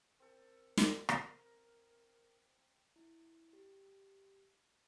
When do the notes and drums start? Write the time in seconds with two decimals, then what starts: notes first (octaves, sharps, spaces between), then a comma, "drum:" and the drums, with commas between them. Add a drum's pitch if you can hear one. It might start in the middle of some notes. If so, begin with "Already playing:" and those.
0.20 C4 A4 A#4
0.77 drum: snare
1.09 drum: rim click
1.18 A#5
2.96 E4
3.53 G4